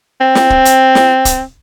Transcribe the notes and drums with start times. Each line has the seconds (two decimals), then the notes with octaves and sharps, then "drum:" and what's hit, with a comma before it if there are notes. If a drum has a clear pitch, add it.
0.20 C4
0.35 drum: snare
0.50 drum: kick
0.65 drum: hi-hat
0.95 drum: snare
1.25 drum: kick, hi-hat